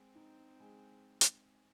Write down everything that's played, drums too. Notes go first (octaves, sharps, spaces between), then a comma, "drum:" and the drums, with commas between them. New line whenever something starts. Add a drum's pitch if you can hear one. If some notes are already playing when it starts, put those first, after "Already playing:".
Already playing: G#3 C4
D#4
G#3
drum: hi-hat